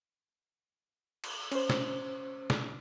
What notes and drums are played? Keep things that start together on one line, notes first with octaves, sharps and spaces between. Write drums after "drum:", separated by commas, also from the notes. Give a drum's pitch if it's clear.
drum: cymbal
C#4 C5, drum: cymbal
drum: snare
drum: snare